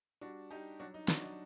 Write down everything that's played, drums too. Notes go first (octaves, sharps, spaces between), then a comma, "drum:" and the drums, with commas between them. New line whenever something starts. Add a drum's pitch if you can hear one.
G3 D4 F#4
G3 D#4 G4
F#3 D4 F#4
D#4
F#3 D4 F#4, drum: snare
D#4